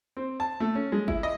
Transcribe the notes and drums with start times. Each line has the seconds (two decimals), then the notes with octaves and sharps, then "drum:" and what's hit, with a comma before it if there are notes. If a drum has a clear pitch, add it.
0.17 C4
0.40 A5
0.60 A3
0.75 C#4
0.92 G#3
1.08 E4, drum: kick
1.23 D#5